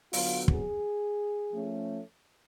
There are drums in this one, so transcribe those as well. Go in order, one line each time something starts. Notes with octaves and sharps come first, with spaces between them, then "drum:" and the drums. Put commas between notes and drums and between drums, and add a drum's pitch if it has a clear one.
D3 F#3 B3 F4, drum: open hi-hat
G#4, drum: kick
F3 A3 C#4